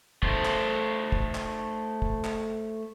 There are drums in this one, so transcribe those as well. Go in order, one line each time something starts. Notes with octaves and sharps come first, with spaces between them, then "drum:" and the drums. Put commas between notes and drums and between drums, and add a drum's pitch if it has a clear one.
A3 C5, drum: kick
drum: clap
drum: kick
drum: clap
drum: kick
drum: clap